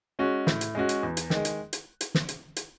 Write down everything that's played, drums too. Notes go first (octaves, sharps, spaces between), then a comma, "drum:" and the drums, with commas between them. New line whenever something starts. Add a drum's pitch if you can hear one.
G#3 C#4 F#4
A2, drum: snare
drum: hi-hat
G#3 C#4 F#4
drum: hi-hat
E2
drum: hi-hat
D#3 G#3, drum: snare
drum: hi-hat
drum: hi-hat
drum: hi-hat
drum: snare
drum: hi-hat
drum: hi-hat